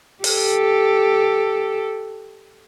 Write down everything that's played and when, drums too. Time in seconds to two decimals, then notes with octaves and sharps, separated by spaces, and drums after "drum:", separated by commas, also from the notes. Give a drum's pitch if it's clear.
0.24 G4 A4, drum: open hi-hat